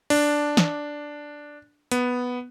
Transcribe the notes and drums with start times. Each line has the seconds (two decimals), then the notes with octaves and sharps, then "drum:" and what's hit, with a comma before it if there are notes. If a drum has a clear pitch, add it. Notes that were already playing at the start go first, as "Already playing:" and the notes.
0.10 D4, drum: open hi-hat
0.57 drum: snare
1.92 B3, drum: hi-hat